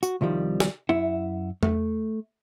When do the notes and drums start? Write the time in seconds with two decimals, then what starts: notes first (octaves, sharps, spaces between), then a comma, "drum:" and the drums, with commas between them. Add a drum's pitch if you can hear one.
0.03 F#4, drum: tambourine
0.21 C2 D#3 F3 G3
0.60 drum: snare
0.89 F#2 E4 E5 F#5
1.63 A3, drum: tom E2